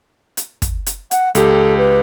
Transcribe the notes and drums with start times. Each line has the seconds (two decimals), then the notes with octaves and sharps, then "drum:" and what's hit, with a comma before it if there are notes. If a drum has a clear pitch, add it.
0.37 drum: hi-hat
0.62 drum: kick, hi-hat
0.86 drum: hi-hat
1.11 F#5, drum: hi-hat
1.35 C#2 G4 A4, drum: hi-hat
1.78 B4